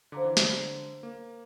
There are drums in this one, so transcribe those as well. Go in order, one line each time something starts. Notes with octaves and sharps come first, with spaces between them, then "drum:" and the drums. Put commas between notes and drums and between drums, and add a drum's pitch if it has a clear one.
D3 C5 F5 A#5 D6
E3
D3, drum: snare
A#3